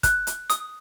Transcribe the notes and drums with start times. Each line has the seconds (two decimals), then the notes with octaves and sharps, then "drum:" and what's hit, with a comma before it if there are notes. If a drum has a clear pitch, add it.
0.03 F#6, drum: kick, hi-hat
0.27 drum: hi-hat
0.50 D#6, drum: hi-hat